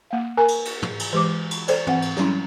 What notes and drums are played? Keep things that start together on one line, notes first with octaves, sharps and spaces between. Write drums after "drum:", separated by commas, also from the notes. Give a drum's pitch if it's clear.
A#3 F5
A#4 G#5 A#5
drum: cymbal
drum: cymbal
drum: tom
drum: cymbal
E3 G#3 G4 C5 D6
drum: cymbal
A4 C5 D5, drum: cymbal
E3 C4 F#5, drum: tom
drum: cymbal
F#3 G3 C#4 E4, drum: snare